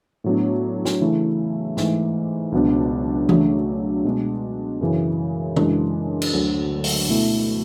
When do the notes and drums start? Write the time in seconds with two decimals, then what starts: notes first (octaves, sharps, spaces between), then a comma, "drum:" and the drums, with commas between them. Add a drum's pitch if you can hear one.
0.24 A2 F#3 B3 D4
0.85 drum: snare
1.01 C#3 E3 A3 E4
1.77 G#2 E3 A3, drum: snare
2.52 C#2 B2 F#3 B3 D4
3.29 C#3 F#3 A3 D4, drum: tom E3
4.05 B2 G#3 D4
4.81 F#2 C#3 E3
5.56 F#2 C#3 E3 G#3 D4, drum: tom C#3
6.22 drum: cymbal
6.33 D2 D3 F#3
6.84 drum: open hi-hat
7.09 B2 A3 E4